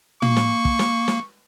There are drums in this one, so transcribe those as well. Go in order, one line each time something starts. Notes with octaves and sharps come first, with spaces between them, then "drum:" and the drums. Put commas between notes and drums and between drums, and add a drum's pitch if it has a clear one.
A#3 C#6, drum: tom
drum: snare
drum: kick
drum: snare
drum: snare